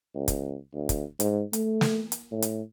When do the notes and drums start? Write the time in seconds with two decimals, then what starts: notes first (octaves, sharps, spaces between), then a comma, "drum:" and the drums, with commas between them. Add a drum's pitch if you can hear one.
0.15 C#2
0.28 drum: kick, hi-hat
0.74 D2
0.89 drum: kick, hi-hat
1.20 G#2, drum: hi-hat
1.53 A3, drum: hi-hat
1.81 drum: snare
2.12 drum: hi-hat
2.32 A2
2.42 drum: hi-hat